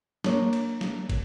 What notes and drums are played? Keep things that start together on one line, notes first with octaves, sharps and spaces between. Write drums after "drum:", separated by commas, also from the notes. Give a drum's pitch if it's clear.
A#3 D4 C#5, drum: snare
drum: cymbal
drum: snare
drum: kick, cymbal